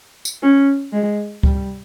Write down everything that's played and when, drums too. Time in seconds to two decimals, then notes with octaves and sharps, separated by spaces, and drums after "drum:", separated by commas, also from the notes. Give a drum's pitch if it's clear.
0.25 drum: tambourine
0.42 C#4
0.93 G#3
1.43 G3, drum: kick C#2